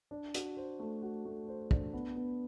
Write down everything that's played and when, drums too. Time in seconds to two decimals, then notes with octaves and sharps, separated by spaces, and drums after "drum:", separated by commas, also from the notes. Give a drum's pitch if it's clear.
0.11 D4
0.34 F#4, drum: hi-hat
0.57 C5
0.80 A3
1.02 F#4
1.25 A3
1.48 C5
1.71 D4, drum: kick
1.93 B3
2.16 B3